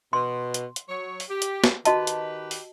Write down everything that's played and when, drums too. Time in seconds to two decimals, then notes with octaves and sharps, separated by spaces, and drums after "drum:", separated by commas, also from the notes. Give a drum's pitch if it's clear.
0.13 B2 C6
0.54 drum: hi-hat
0.76 drum: hi-hat
0.89 F#3 C#5
1.20 drum: open hi-hat
1.29 G4
1.42 drum: hi-hat
1.64 drum: snare
1.85 D#3 F#4 G4 B4 D#5 A5, drum: hi-hat
2.07 drum: hi-hat
2.51 drum: open hi-hat